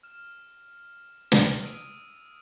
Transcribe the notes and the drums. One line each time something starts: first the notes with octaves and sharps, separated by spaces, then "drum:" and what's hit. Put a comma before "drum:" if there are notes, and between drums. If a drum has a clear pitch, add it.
F6 E7
drum: snare
D#6 E6 D7 D#7